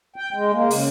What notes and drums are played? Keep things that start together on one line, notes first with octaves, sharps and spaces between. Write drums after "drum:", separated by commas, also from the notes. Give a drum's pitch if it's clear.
G5
G#3
A#3
C#3, drum: open hi-hat